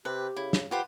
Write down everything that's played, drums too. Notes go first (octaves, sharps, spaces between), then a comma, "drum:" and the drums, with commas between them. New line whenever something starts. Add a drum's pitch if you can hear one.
C3 G4 B4
C#3 E4
drum: snare
F4 G4 B4 C5 F#5